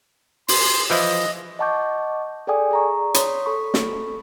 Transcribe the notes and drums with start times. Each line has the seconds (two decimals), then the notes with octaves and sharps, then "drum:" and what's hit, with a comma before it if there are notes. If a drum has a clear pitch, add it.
0.48 C6, drum: open hi-hat
0.90 E3 F3 E4 D#5
1.59 D#5 F#5 A5 C#6 D6 G6
2.47 G#4 A4 D5 G5 G#5 D#6
2.71 G#4 A#5 C#6
3.14 C#5 B5 C6 D#6, drum: hi-hat
3.46 A4 B5 C#6
3.74 drum: snare